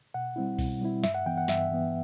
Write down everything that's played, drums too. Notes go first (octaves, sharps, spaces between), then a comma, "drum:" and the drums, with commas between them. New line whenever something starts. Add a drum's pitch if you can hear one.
B2 F#5
G3 C4 E4
B2, drum: kick C2, open hi-hat
G3 C4 E4
G2 E5, drum: snare
F#5
E3 B3 G5
F#5
G2 E5, drum: snare
E3 B3